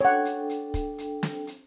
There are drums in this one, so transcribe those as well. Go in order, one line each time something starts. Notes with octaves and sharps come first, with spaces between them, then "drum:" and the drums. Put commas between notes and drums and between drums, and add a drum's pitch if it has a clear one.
D4 A4 C#5 F#5 G5
drum: hi-hat
drum: hi-hat
drum: kick, hi-hat
drum: hi-hat
drum: snare
drum: hi-hat